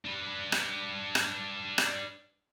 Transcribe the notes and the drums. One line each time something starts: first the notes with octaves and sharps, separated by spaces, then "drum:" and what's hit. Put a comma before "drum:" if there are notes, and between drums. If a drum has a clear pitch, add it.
D4 B4
drum: rim click
drum: rim click
drum: rim click